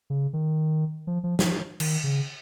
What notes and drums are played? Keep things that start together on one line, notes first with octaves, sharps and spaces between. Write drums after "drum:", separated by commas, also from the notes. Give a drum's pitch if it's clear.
C#3
D#3
F3
F3
F3, drum: snare
D#3, drum: cymbal
C#3